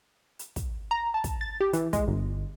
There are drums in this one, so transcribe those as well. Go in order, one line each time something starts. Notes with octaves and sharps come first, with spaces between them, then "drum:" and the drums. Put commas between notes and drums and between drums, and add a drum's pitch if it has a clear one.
drum: hi-hat
drum: kick, hi-hat
A#5
A5
drum: kick, hi-hat
A6
G4
E3, drum: hi-hat
G#3, drum: kick, hi-hat
G1